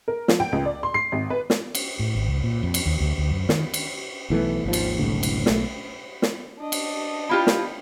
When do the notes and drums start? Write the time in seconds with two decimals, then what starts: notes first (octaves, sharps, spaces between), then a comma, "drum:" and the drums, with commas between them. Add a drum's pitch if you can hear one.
0.08 A#4
0.28 F3, drum: snare
0.40 G5
0.52 C#2
0.65 D5
0.83 C6
0.94 C7
1.12 G#1
1.30 B4
1.50 drum: snare
1.75 drum: cymbal
1.99 A2
2.15 G#1
2.28 C#2
2.43 A#2
2.63 F2
2.74 drum: cymbal
2.86 D#2
3.00 D2
3.18 D2
3.30 F#2
3.49 D#3, drum: snare
3.74 drum: cymbal
4.30 B1 E3 A3 B3
4.64 G#1 D#2 F3
4.73 drum: cymbal
4.99 F#1 C2 A2 D3
5.23 drum: cymbal
5.46 B1 A3 A#3, drum: snare
6.22 drum: snare
6.59 D4 D#5
6.72 drum: cymbal
7.29 E4 F4 G4
7.47 drum: snare